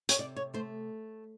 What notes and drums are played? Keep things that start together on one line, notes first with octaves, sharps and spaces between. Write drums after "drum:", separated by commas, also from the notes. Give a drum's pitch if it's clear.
C#5, drum: hi-hat
C3 D5
C#5
A3 C5